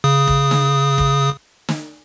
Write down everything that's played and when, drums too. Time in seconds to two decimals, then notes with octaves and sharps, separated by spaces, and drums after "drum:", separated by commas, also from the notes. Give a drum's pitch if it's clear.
0.04 C#3 D#6
0.27 drum: kick
0.51 drum: snare
0.98 drum: kick
1.69 drum: snare